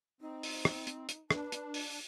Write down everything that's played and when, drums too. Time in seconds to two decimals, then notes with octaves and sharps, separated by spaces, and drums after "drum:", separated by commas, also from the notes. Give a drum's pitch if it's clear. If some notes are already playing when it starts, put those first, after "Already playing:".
0.21 C4 D#4
0.43 drum: open hi-hat
0.65 drum: rim click
0.87 drum: hi-hat
1.09 drum: hi-hat
1.31 D4 B4, drum: rim click
1.52 drum: hi-hat
1.74 drum: open hi-hat